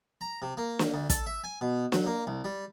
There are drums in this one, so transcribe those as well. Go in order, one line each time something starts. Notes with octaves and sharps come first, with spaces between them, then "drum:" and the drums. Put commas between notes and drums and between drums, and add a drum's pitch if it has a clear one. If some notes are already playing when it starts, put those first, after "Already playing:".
A#5
C3
A#3
drum: snare
D2
A4, drum: kick, hi-hat
E5
G#5
B2
F#3, drum: snare
A#3
C2
G3